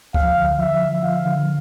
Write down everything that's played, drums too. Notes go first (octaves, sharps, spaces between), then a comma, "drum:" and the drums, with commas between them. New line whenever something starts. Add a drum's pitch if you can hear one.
F3 F5, drum: kick C#2
D3
F3 E5
F3
F3 F5
D3